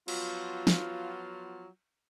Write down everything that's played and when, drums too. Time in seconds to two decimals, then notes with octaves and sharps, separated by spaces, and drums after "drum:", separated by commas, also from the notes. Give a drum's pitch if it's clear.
0.08 F3 F#3 B3 F4, drum: cymbal
0.67 drum: snare